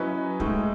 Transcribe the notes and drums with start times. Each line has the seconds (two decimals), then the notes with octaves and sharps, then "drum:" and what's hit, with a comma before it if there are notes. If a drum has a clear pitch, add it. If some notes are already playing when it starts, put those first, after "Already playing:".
Already playing: F#3 C#4 E4 B4 D#5
0.40 A2 G#3 D#4, drum: kick